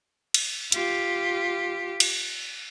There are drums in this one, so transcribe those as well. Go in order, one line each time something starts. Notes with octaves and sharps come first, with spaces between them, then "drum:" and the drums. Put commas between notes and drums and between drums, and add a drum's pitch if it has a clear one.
drum: cymbal
F4 G4, drum: hi-hat
drum: cymbal